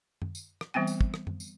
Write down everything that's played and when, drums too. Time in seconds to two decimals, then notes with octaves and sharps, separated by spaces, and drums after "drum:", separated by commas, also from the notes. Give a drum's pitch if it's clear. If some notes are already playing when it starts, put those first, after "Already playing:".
0.22 drum: tom F#2
0.35 drum: tambourine
0.61 drum: rim click
0.74 E3 G3 B3 C4 G5
0.87 drum: tambourine
1.01 drum: kick
1.14 drum: rim click
1.27 drum: tom F#2
1.40 drum: tambourine